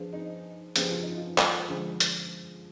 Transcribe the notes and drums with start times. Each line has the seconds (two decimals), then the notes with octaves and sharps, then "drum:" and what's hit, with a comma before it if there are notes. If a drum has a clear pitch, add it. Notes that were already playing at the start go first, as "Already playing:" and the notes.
Already playing: F3 B3 D4 G#4 C5
0.13 D#4
0.76 F3 B3 D4 G4 G#4 C5, drum: hi-hat
0.90 F4
1.03 D#4
1.16 F4
1.38 drum: clap
1.69 D3 F3 G#3
2.00 drum: hi-hat